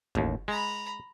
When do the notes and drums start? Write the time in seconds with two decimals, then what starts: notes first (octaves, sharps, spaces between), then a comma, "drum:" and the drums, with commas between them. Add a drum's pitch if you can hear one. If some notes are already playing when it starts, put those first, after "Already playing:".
0.15 A1 D#2, drum: kick
0.48 G#3 A#5 B5